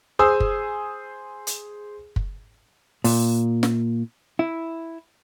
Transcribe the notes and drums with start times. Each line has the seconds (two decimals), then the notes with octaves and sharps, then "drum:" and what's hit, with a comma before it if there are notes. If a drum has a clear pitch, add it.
0.19 G#4 C5 G#5 D#6 E6
0.40 drum: kick
1.47 drum: hi-hat
2.16 drum: kick
3.04 A#2, drum: open hi-hat
3.63 drum: snare
4.39 E4